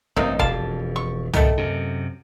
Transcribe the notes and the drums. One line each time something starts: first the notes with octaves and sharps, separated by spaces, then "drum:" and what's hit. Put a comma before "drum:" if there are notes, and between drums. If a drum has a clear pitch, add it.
A1 G2 C3 A#3 D#4
E1 F2 D5 F5 A5, drum: kick C#1
C#6
G#2 B2 D#3 A3, drum: tom
F#2 C3